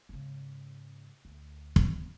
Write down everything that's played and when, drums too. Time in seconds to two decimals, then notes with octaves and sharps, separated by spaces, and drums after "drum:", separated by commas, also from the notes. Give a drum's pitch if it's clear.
0.09 G#2 C#3
1.25 D2
1.76 drum: kick